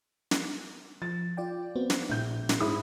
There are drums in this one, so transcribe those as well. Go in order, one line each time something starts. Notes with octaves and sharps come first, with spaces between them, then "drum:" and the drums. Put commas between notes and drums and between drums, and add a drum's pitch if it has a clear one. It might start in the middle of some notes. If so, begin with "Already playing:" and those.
drum: snare
F3 A6
F4 D5 G5
B3 C4 F#4
drum: snare
A#1 A2 G6
drum: snare
G#2 E4 D#6